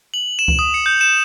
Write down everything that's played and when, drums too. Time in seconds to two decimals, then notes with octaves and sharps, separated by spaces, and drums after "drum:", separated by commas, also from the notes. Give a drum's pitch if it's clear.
0.14 F#7
0.39 E7
0.48 drum: kick C#2
0.59 D#6
0.74 C#7
0.86 G6
1.01 E7